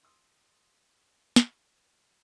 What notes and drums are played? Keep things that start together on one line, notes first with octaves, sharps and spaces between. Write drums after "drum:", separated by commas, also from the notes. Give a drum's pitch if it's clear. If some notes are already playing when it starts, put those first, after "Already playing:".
C6 D#6 E6
drum: snare